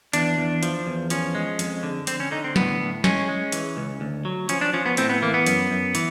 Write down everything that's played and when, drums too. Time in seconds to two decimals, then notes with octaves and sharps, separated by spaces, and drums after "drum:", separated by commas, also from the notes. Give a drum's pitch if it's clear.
0.13 E2 D4, drum: hi-hat
0.38 E2
0.63 F3, drum: hi-hat
0.87 E2
1.10 F3 C#4, drum: hi-hat
1.35 G#3
1.59 F2, drum: hi-hat
1.83 D3
2.07 D3 C4, drum: hi-hat
2.20 C#4
2.31 D3 D#4
2.44 C4
2.56 A2 B3, drum: snare
2.80 A2
3.04 G#3 C#4, drum: snare
3.29 G#3
3.52 E3, drum: hi-hat
3.77 C#2
4.01 D2
4.25 F#3
4.49 F3 C#4, drum: hi-hat
4.61 D4
4.73 F3 C#4
4.86 B3
4.97 A2 C4, drum: hi-hat
5.10 B3
5.22 E3 A#3
5.34 B3
5.46 F#2, drum: hi-hat
5.71 F#2
5.95 E3, drum: hi-hat